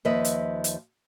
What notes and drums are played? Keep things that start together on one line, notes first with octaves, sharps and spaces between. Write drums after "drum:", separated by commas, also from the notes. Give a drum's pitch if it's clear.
D#2 F3 B4 D#5 E5
drum: hi-hat
drum: hi-hat